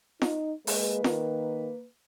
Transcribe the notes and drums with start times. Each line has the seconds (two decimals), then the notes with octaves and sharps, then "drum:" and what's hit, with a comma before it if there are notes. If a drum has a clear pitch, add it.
0.22 D#4, drum: snare
0.67 G#3 A#3 B4, drum: open hi-hat
1.04 D#3, drum: snare